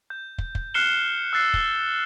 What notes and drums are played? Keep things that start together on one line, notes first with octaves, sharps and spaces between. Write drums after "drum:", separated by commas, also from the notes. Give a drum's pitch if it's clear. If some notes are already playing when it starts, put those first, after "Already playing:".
G6
drum: kick
drum: kick
F6 F#6 C7 C#7 E7 G7
E6 F#6 A6 C7
G7, drum: kick